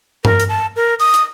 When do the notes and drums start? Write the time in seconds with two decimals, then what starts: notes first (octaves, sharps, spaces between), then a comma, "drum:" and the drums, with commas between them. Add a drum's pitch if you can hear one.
0.25 A#4, drum: tom G2
0.40 drum: hi-hat
0.49 A5
0.76 A#4
0.99 D#6, drum: open hi-hat
1.14 drum: hi-hat